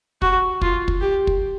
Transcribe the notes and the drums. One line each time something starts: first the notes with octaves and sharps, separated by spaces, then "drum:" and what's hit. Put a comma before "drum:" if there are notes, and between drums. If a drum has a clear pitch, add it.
F#4, drum: kick
F4, drum: kick
drum: kick
G4
drum: kick